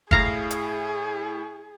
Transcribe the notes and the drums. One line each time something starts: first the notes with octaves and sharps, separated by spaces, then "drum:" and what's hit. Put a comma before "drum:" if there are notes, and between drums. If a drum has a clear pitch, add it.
A2 E4 G#4 F5 A#5 C7, drum: kick
drum: hi-hat